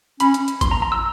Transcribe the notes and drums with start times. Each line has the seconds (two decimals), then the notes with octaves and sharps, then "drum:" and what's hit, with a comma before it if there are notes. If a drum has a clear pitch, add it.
0.20 C#4 B5, drum: hi-hat
0.34 drum: hi-hat
0.48 drum: hi-hat
0.61 C6, drum: kick A1, hi-hat
0.71 A#5
0.82 A#5
0.92 E6